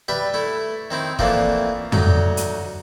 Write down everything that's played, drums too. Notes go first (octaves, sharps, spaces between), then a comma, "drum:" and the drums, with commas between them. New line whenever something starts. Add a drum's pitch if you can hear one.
G3 B4 E5 G5
A3 E4
D#3 C4 E4
E3 F3 A3 A#3 C4 D4, drum: kick
D2 F#3 D#4, drum: tom F2
drum: hi-hat